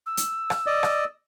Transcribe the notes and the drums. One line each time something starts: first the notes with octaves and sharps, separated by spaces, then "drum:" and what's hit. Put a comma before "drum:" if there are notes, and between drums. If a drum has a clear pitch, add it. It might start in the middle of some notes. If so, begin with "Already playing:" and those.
E6
drum: hi-hat
drum: rim click
D5 D#5
drum: rim click